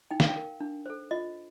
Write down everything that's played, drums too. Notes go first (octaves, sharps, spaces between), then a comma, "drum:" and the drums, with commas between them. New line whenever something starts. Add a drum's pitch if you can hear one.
D#4 G5
F5, drum: snare
G5
A#4
D4
A4 C5
F4 D#5